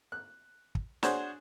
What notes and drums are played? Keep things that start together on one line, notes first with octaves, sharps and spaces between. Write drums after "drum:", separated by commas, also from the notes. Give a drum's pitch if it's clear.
F#6
drum: kick
D4 F#4 G#4 C5 C#5, drum: snare